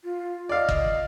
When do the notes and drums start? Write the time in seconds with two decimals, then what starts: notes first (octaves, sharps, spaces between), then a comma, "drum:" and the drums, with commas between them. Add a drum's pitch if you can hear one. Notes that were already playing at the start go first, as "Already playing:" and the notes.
0.04 F4
0.49 D5 D#5 F5
0.69 drum: kick